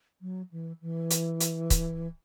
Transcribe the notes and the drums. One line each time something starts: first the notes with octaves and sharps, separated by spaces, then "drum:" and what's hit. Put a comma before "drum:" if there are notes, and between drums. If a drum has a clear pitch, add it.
F#3
E3
E3
drum: hi-hat
drum: hi-hat
drum: kick C#1, hi-hat